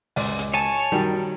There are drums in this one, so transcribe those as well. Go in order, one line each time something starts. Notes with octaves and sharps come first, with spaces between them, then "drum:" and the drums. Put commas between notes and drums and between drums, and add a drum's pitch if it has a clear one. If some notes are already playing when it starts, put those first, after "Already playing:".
C#2 D5, drum: open hi-hat
drum: hi-hat
C#5 G#5 A5
D#3 F#3 G3